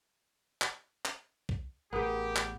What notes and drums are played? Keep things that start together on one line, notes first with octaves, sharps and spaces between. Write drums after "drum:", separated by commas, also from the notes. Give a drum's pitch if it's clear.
drum: clap
drum: clap
drum: kick
A1 B3 G4 G#4 A#4 D#6
drum: clap